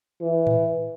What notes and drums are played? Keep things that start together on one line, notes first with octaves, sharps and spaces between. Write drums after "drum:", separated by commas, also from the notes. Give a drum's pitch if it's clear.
E3
drum: tom A2